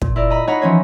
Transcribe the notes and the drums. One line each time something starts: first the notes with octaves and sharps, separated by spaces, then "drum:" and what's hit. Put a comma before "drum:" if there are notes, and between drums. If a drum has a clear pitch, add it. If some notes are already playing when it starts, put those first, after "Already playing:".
A#2, drum: kick
E4 A#4 D5
D#5 A#5 B5
D#4 C#5 F5 F#5 A#5 B5
E3 F3 C#4 C#5